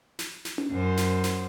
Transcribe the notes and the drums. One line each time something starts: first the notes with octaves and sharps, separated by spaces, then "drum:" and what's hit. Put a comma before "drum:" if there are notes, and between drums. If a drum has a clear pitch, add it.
drum: snare
drum: snare
drum: tom C#4
F#2 C5
drum: snare
drum: snare